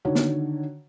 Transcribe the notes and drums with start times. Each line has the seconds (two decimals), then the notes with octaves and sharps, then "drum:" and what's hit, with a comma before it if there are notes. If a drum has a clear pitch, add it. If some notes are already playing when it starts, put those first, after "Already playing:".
0.05 D3 D#3 F#4 C#5
0.15 drum: snare